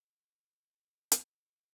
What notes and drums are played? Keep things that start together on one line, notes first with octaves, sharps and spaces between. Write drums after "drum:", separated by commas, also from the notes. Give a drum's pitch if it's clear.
E2 F3 B3 G#4 C5 B5
drum: hi-hat
F5 G5 C6 E6 A6